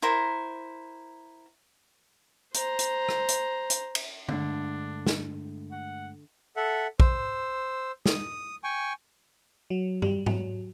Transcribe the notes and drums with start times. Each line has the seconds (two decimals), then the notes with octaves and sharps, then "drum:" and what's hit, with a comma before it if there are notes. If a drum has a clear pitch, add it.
0.02 E4 A#4 C5 A#5
2.54 C5 A#5, drum: hi-hat
2.79 drum: hi-hat
3.09 drum: rim click
3.29 drum: hi-hat
3.70 drum: hi-hat
3.95 drum: cymbal
4.29 G2 D3 G#3 A3 D4, drum: tom D3
5.07 drum: snare
5.72 F#5
6.56 A4 E5 F#5
7.00 C5 E6, drum: kick A#1
8.06 D#6, drum: snare
8.64 G5 G#5 C#6
9.70 F#3
10.02 G3, drum: tom G2
10.26 F#3, drum: tom G#2